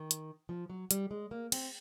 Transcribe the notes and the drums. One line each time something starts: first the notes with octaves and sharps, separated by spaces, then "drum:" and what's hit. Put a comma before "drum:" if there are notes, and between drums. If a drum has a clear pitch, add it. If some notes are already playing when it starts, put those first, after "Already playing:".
Already playing: D#3
drum: hi-hat
F3
F#3
G3, drum: hi-hat
G#3
A#3
C4, drum: cymbal